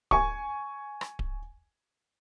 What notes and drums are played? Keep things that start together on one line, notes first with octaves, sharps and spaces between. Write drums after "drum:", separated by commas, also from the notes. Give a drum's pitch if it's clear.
G#5 C#6, drum: kick D1
drum: rim click
drum: kick D1